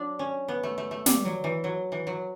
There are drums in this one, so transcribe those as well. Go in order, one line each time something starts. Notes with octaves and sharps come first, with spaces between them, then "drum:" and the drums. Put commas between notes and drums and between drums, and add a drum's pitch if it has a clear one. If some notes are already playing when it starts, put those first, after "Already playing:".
Already playing: F#3 D4
C#4
B3
A3
A3
A3
G3, drum: snare
F#3
E3
F#3
E3
F#3